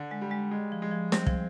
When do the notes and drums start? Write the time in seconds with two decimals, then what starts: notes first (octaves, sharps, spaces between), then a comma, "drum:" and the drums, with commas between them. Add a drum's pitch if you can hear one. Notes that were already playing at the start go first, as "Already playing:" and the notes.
Already playing: D3
0.11 G#3
0.21 G3
0.31 G#3
0.51 G#3
0.72 F3
0.82 G#3
0.91 F3
1.12 G3 C4, drum: snare
1.27 F3, drum: kick